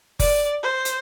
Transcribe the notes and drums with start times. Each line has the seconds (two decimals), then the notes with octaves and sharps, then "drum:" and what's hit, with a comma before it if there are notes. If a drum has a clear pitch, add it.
0.19 D5, drum: kick F#1, open hi-hat
0.63 C5
0.85 drum: hi-hat